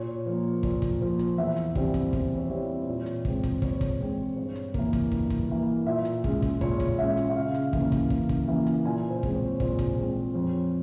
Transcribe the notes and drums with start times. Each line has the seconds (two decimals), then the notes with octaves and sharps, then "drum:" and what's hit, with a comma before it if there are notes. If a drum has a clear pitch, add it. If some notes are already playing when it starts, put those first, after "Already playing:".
Already playing: A#2 C#5
0.26 F3 A#3
0.63 A#2, drum: kick
0.82 drum: kick, hi-hat
1.01 F3 A#3
1.19 drum: hi-hat
1.38 E2 E5
1.57 drum: hi-hat
1.75 E3 G3 C4, drum: kick
1.94 drum: kick, hi-hat
2.13 E2, drum: kick
2.38 C#5
2.50 E3 G3 C4
2.63 C5
2.87 A#2 C#5
3.06 drum: hi-hat
3.25 G#3 C4, drum: kick
3.44 drum: kick, hi-hat
3.62 A#2 C#5, drum: kick
3.81 drum: kick, hi-hat
4.00 G#3 C4
4.37 G2 C#5
4.56 drum: hi-hat
4.74 E3 A#3, drum: kick
4.93 drum: kick, hi-hat
5.12 G2, drum: kick
5.30 drum: kick, hi-hat
5.49 E3 A#3
5.86 A#2 E5
6.05 drum: hi-hat
6.24 G#3 C#4, drum: kick
6.42 drum: kick, hi-hat
6.61 A#2 C#5, drum: kick
6.80 drum: kick, hi-hat
6.98 G#3 C#4 E5
7.17 drum: hi-hat
7.29 E5
7.36 C#3 F5
7.55 drum: hi-hat
7.73 E3 A#3 C#4, drum: kick
7.92 drum: kick, hi-hat
8.10 C#3, drum: kick
8.29 drum: kick, hi-hat
8.48 E3 A#3 C#4
8.67 drum: hi-hat
8.85 A#2 G#5
9.10 C5
9.23 G#3 C4, drum: kick
9.35 C#5
9.60 A#2 C5, drum: kick
9.79 drum: kick, hi-hat
9.98 G#3 C4
10.34 F2 C#5